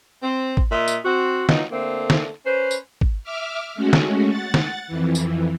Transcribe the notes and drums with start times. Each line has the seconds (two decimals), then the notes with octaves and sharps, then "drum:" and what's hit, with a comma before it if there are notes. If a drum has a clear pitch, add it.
0.23 C4
0.57 drum: kick
0.71 A#2 D#5 E5
0.88 drum: tambourine
1.03 C4 F#4
1.49 E3 F#3 D#4 F4, drum: snare
1.71 D3 A3 A#3 C4
2.10 drum: snare
2.45 C#4 B4 C5
2.71 drum: tambourine
3.01 drum: kick
3.24 E5 D6 F6
3.75 G#3 A3 C#4 F#4
3.93 drum: snare
4.29 F#5 A6
4.54 drum: snare
4.88 F2 E3
5.15 drum: tambourine